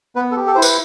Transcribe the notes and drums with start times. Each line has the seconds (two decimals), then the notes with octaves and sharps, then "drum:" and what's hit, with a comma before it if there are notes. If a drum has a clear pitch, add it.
0.16 B3 B4
0.31 A4
0.36 G4
0.47 A4
0.55 E4 C5
0.62 B4, drum: tambourine